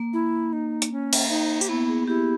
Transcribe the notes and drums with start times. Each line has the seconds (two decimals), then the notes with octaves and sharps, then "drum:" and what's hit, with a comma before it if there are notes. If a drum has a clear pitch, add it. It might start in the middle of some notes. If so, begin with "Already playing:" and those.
Already playing: A#3
0.13 E4
0.53 D#4
0.82 drum: hi-hat
0.92 C#4
1.13 drum: cymbal
1.30 D#4
1.61 G4, drum: tambourine
1.69 B3 E4
1.89 G#4
2.08 E4 G4